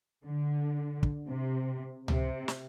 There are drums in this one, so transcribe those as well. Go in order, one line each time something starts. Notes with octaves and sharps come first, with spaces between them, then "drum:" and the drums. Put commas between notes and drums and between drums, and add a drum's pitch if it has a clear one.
D3
drum: kick
C3
C3, drum: tom C#2
drum: snare